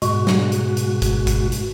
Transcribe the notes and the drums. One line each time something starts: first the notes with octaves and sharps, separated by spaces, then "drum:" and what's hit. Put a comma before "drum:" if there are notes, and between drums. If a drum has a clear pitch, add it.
G#2 B2 G#3 F#4, drum: hi-hat
drum: snare
drum: hi-hat
drum: hi-hat
drum: kick, hi-hat
drum: kick, hi-hat
drum: hi-hat